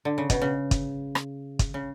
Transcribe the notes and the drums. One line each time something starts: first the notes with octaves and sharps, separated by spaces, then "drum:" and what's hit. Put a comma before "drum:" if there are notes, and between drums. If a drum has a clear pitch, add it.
D3
C#3
B2, drum: kick, hi-hat
C#3
drum: kick, hi-hat
drum: rim click
drum: kick, hi-hat
C#3